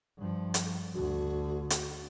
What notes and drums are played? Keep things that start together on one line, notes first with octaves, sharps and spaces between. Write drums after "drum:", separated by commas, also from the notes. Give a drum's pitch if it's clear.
G2 F3
drum: hi-hat
D2 F#4
drum: hi-hat